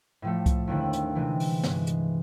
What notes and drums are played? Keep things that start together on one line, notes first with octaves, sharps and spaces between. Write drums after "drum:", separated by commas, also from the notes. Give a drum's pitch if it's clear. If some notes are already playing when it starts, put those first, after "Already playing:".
A2 F3 A3
drum: kick C2, hi-hat
D#2 D3 G3 C4 E4
drum: hi-hat
C3 E3 G#3 C4
drum: open hi-hat
G2 E3 G#3, drum: snare
drum: hi-hat